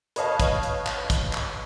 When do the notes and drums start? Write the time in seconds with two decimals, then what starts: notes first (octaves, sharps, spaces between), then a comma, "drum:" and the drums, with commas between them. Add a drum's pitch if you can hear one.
0.16 B4 C#5 D#5 F5 A5, drum: hi-hat
0.40 drum: kick, hi-hat
0.63 drum: hi-hat
0.86 drum: clap
1.10 drum: kick, hi-hat
1.33 drum: clap